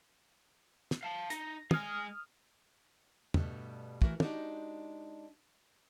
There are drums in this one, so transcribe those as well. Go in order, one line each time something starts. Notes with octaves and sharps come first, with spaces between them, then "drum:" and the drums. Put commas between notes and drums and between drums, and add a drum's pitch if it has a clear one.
drum: snare
F5 A5
D#4 A#6, drum: hi-hat
G#3 G#5 D#6 F6, drum: tom
G2 B2 G3 A3 B3 D4, drum: tom
E3 A3 F#4 A#4, drum: kick
G#3 B3 D4 D#4 F#4 G4, drum: tom